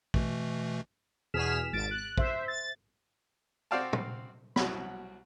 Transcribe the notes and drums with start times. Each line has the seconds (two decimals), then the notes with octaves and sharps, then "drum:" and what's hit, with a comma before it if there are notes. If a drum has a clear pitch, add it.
0.14 B2 E3 A3, drum: kick
1.34 E2 B2 G#4 F6 B6 E7
1.73 G#1 A6 D7
1.91 F#6
2.18 C5 E5, drum: kick
2.48 A6
3.71 C4 F#4 D5 F5 G5 A5
3.93 drum: tom
4.56 C2 B2 F#3 F#4 B5, drum: snare